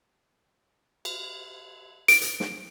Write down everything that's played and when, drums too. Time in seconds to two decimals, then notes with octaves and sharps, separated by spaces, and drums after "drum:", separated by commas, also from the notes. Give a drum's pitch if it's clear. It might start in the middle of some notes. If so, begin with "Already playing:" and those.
1.05 drum: cymbal
2.08 D7, drum: hi-hat
2.21 drum: hi-hat
2.40 drum: snare